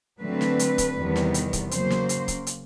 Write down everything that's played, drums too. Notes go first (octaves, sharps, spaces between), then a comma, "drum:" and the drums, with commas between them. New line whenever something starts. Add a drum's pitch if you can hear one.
D3 F#3 A3 C4 B4
drum: snare
drum: hi-hat
drum: kick C#1, hi-hat
E2 C3 D#3 G3 B3
drum: snare
drum: hi-hat
drum: kick C#1, hi-hat
C#3 F#3 A#3 C5, drum: hi-hat
drum: snare
drum: hi-hat
drum: kick C#1, hi-hat
drum: hi-hat